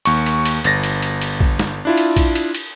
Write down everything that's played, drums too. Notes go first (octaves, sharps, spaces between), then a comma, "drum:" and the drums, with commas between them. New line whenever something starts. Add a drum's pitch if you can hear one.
D#2 C#6, drum: cymbal
drum: cymbal
drum: cymbal
G1 A6 A#6, drum: cymbal
drum: cymbal
drum: cymbal
drum: cymbal
drum: kick A#1
drum: snare
D4 E4 F4
drum: cymbal
drum: kick A#1, cymbal
drum: cymbal
drum: cymbal